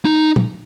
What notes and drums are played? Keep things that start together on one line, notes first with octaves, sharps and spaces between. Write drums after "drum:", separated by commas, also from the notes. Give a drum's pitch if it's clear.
D#4
drum: tom